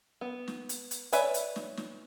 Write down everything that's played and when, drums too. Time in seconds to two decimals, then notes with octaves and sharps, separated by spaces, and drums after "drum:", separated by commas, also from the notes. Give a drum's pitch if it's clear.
0.21 B3
0.48 drum: snare
0.69 drum: hi-hat
0.91 drum: hi-hat
1.12 B4 C#5 D5 E5 G#5, drum: hi-hat
1.34 drum: hi-hat
1.56 drum: snare
1.77 drum: snare